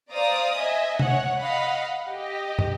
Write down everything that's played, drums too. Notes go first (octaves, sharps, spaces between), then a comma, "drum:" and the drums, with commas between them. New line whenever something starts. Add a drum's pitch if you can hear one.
C5 D5 F5 A#5 D#6
D#5 E5 G#5
C#5 F#5, drum: tom
D#5 F5 F#5 B5
G4 D#5
drum: tom